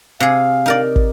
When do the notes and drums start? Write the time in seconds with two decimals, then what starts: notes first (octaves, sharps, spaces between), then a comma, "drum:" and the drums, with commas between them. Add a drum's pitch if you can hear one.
0.20 C3 G#4 F5
0.66 D#4 A#4 D5
0.96 drum: kick